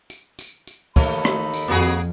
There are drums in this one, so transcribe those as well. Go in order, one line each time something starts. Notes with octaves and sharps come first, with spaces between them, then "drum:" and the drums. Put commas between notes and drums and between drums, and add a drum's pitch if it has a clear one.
drum: tambourine
drum: tambourine
drum: tambourine
D#2 A3 D#4 A4 B5, drum: kick, tambourine
drum: rim click
drum: tambourine
F2 A#3 F#4 G#4
drum: tambourine